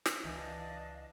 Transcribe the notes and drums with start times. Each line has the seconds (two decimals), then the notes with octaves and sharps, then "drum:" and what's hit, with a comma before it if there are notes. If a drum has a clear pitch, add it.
0.06 drum: snare
0.24 C#2 E3 D4 D#5 F5 A5